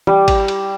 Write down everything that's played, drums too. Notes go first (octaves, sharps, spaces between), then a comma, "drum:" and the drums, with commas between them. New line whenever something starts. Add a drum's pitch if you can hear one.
G3, drum: tom E3
drum: kick G#1, cymbal
drum: cymbal